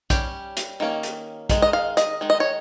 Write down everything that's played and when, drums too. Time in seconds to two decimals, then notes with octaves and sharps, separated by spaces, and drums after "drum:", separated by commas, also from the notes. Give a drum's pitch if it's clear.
0.10 G3 C#4 G4, drum: kick, hi-hat
0.57 drum: hi-hat
0.80 D#3 A#3 C#4
1.03 drum: hi-hat
1.49 D#3 G#3, drum: kick, hi-hat
1.62 D#5
1.73 F5
1.97 D#5, drum: hi-hat
2.21 D#3 G#3
2.30 D#5
2.40 C#5